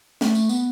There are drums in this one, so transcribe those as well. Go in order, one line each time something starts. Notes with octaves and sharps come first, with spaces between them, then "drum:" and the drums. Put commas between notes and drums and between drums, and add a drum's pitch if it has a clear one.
A3, drum: snare
drum: tambourine
B3, drum: tambourine